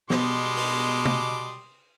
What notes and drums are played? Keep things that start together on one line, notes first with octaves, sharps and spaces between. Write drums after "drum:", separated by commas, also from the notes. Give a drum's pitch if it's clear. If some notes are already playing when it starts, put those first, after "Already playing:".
B2 G3 G#3 B3 C6 D6 D#6, drum: snare
drum: open hi-hat
drum: tom